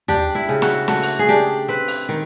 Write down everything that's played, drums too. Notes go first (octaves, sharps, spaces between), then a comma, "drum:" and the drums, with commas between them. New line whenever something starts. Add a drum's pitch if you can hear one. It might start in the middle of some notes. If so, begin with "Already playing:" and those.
D4 G4, drum: tom D#2
E4
C#3
F#4, drum: snare
A3 F#4, drum: snare
drum: open hi-hat
G#4
D4 G4
C4 B4
drum: open hi-hat
D#3